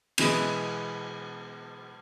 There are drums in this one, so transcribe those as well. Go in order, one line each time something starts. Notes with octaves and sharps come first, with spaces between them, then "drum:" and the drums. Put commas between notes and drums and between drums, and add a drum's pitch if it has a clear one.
B2 E3 G#3 B3, drum: cymbal